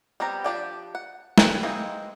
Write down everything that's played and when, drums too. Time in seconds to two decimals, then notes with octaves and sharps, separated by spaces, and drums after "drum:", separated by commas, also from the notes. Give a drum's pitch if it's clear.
0.20 G3 B3 C4 G4 A#5
0.44 F3 D4 G4 D5 G5
0.95 F#5
1.38 B4 G5 G#5, drum: snare
1.63 E3 G#3 A#3 C4 D#4